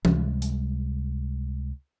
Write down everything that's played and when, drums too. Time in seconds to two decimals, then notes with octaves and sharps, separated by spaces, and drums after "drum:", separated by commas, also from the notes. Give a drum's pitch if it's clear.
0.05 C#2 C3 G3 G#3, drum: tom E3
0.42 drum: hi-hat